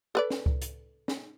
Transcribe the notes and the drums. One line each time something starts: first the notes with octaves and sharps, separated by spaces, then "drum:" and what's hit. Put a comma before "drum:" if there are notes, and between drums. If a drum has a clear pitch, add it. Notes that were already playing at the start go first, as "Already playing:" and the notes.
A4 B4 D5
drum: snare
drum: kick C#2
drum: hi-hat
drum: snare